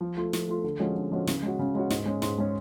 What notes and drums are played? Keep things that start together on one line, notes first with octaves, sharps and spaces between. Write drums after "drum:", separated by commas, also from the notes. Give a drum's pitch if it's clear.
F3
A3 F4
F3, drum: snare
A3 F4
D3
F3 G#3 C#4 F#4
D3
F3 G#3 C#4 F#4
C#3, drum: snare
G#3 C#4 F#4
C#3
G#3 C#4 F#4
G#2, drum: snare
G#3 C#4
G#2, drum: snare
G#3 C#4